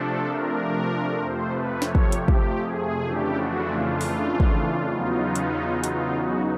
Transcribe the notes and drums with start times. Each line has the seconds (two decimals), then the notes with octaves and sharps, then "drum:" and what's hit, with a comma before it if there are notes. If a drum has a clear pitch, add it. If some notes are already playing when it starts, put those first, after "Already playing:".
Already playing: C3 F3 A3 D4 A4
0.26 A#4
1.19 F2 C3 F3 A3 C5
1.51 B4
1.82 C#5, drum: snare
1.95 drum: kick
2.12 G4, drum: hi-hat
2.28 drum: kick
2.59 G#4
3.05 F2 C#3 E3 A3 D4 G4
3.36 F#4
3.67 F4
4.01 drum: open hi-hat
4.40 drum: kick
4.91 E2 C#3 F#3 B3 D#4
5.35 drum: hi-hat
5.84 F4, drum: hi-hat
6.15 F#4